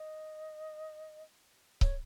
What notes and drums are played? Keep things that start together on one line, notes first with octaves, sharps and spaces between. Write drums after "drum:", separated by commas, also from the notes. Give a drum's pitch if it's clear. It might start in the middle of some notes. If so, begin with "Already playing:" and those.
Already playing: D#5
C#5, drum: kick C#1